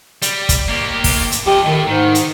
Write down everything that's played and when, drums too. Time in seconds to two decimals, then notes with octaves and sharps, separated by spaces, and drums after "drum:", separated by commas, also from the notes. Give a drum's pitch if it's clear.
0.22 G3, drum: hi-hat
0.49 drum: kick, hi-hat
0.68 A#3 G4
1.04 drum: kick, open hi-hat
1.32 drum: hi-hat
1.47 F3 G4 D#5
1.66 A2 D#3 A3
1.87 G#2 D#3
2.15 drum: hi-hat